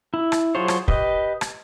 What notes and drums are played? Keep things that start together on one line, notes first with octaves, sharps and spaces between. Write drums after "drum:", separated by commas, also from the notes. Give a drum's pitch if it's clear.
E4
drum: rim click
F#3 F4 G#4 C5 C#5
drum: rim click
G4 B4 D#5, drum: kick
drum: rim click